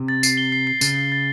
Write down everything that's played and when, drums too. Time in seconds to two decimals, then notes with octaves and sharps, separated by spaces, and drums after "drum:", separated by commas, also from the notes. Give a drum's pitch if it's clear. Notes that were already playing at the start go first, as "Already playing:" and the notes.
Already playing: C3
0.08 A6
0.23 C7, drum: tambourine
0.37 G7
0.52 C7
0.67 C7
0.81 C#3 A6, drum: tambourine
0.96 C7
1.12 A6